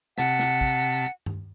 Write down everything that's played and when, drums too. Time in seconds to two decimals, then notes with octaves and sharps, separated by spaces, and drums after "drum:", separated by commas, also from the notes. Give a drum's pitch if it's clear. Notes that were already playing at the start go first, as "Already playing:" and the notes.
0.18 C3 F#5 A5 B6, drum: snare
0.39 drum: snare
0.61 drum: kick
1.26 drum: tom G2